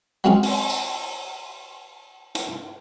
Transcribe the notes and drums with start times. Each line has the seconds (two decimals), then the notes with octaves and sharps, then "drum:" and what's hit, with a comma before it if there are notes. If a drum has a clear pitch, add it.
0.24 F#3 G#3 C4 C#4 F4 G#4
0.43 drum: open hi-hat
0.70 drum: tambourine
2.35 drum: hi-hat